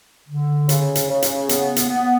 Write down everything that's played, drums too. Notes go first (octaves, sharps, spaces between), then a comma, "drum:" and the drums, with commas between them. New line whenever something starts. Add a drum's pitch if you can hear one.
D3
C#3, drum: hi-hat
drum: hi-hat
C#3
drum: hi-hat
B3, drum: hi-hat
drum: hi-hat
B3